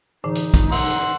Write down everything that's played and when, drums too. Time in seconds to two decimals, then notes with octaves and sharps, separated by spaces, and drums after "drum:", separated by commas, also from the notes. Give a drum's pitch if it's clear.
0.24 A2 D3 E3 D#4
0.35 drum: hi-hat
0.54 drum: kick, hi-hat
0.72 F#5 C6 E6, drum: open hi-hat
0.90 drum: hi-hat